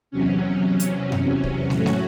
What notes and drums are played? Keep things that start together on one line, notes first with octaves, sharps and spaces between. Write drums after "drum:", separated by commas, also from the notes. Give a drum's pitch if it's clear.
E2 C3 F#3 C#4
drum: hi-hat
drum: tom F#2
drum: kick
A2 F#3 A3 C#4 F#4, drum: snare
drum: snare